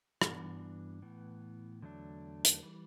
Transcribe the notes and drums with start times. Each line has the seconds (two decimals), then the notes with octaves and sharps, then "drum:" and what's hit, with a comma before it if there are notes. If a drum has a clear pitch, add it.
0.22 G2 E3 B3 D4 F#4, drum: rim click
1.02 A2 E3 B3
1.82 E2 D3 F#3 A3 D4
2.45 drum: hi-hat
2.63 E3 G3